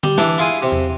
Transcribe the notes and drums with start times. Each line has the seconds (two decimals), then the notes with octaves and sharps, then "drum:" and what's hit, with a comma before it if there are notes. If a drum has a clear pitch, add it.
0.03 G3, drum: tom D3
0.18 E3 D4 E4, drum: snare
0.38 E4 F4 G#4 D#6
0.62 C3
0.72 drum: tom E2